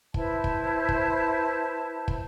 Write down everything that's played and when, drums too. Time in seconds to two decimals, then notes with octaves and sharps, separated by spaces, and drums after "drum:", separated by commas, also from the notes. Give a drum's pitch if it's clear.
0.14 E4 B4 C5 A5, drum: kick
0.44 drum: kick
0.89 drum: kick
2.08 drum: kick